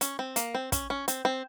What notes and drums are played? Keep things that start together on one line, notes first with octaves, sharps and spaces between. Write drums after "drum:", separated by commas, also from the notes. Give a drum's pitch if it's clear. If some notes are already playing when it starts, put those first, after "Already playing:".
C#4, drum: hi-hat
C4
A#3, drum: hi-hat
C4
C#4, drum: kick, hi-hat
C#4
C4, drum: hi-hat
C4